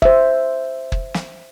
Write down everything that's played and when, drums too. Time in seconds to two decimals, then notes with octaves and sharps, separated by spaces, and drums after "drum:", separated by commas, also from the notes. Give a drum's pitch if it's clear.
0.02 C5 E5, drum: kick
0.92 drum: kick
1.14 drum: snare